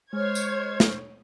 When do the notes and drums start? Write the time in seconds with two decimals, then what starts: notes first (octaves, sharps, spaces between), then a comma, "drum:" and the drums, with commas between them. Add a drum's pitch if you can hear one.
0.13 G#3 C5 C#5 C#6 F6 G#6
0.35 drum: tambourine
0.80 drum: snare